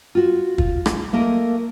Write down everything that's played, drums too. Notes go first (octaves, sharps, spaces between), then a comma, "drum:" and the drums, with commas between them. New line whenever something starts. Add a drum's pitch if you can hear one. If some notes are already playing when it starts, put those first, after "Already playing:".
F4 F#4
F4, drum: kick
drum: rim click
A3 A#3 A#4 D#5